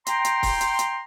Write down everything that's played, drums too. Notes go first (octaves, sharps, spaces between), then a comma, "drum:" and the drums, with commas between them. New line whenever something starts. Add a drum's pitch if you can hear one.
G5 A#5 C6, drum: hi-hat
drum: hi-hat
drum: kick, open hi-hat
drum: hi-hat
drum: hi-hat